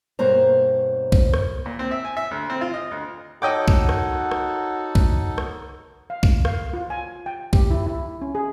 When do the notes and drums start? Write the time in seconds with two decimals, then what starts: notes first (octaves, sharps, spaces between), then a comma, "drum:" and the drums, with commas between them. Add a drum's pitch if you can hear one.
0.19 G2 B2 A#3 C5 C#5 A#5
1.12 drum: kick
1.34 drum: rim click
1.66 A#2
1.79 C4
1.91 E5
2.05 G#5
2.17 E5
2.31 D2
2.50 C4
2.61 F4
2.74 D#5
2.91 D2
3.42 D#4 F#4 A4 C#5 D#5 F#5 G5 D6
3.68 drum: kick
3.89 drum: rim click
4.31 drum: rim click
4.95 drum: kick
5.38 drum: rim click
6.10 F5
6.23 drum: kick
6.45 F5, drum: rim click
6.73 F4
6.90 G#5
7.26 G5
7.53 G4, drum: kick
7.71 E4
7.86 E4
8.22 C#4
8.35 G#4